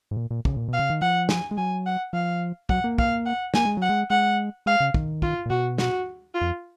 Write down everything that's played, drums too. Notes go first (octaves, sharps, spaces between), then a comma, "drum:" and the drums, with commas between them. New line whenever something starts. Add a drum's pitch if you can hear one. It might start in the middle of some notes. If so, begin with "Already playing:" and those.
G#2
A#2
A#2
C#3, drum: kick
A#2
B2 F5
C#3
D#3
F3 F#5
G#5, drum: snare
G#3
F#3 G#5
F#5
F3 F5
F#3 F#5, drum: kick
A#3
F5, drum: kick
F#5
A#3 G#5, drum: snare
G#3
F#3 F#5
G#3
G#3 F#5
G#3 F5
C#3
D#3, drum: kick
F4, drum: kick
A#2
B2 F#4
F#4, drum: snare
F4
F2